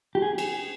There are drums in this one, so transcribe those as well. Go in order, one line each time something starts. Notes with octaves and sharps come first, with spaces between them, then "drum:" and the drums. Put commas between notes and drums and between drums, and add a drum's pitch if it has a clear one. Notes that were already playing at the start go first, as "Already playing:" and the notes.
G4
G#4
drum: cymbal